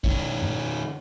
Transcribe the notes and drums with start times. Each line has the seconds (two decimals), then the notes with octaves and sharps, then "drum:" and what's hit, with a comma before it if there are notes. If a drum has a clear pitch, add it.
0.04 D#3 C#4, drum: kick
0.42 drum: tom G2